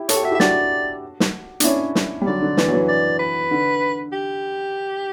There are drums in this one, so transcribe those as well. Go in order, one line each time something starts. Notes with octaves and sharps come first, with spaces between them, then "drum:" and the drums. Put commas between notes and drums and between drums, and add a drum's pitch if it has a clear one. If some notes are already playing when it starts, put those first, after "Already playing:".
Already playing: E4 G4
A4 C#5, drum: hi-hat
G4
F#4 E5
E4 G4
E5
D4 F#4 D5, drum: snare
drum: snare
D4, drum: hi-hat
C#4 E4
drum: snare
G3
D3 F#3 D5
D3
E3, drum: snare
F#3
E3
D5
B4
D3
G4